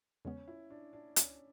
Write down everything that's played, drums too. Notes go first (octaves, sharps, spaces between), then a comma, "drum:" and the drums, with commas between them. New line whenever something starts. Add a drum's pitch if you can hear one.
E2 C#3 G#3 B3 C#4
E4
D4
D4
C#4, drum: hi-hat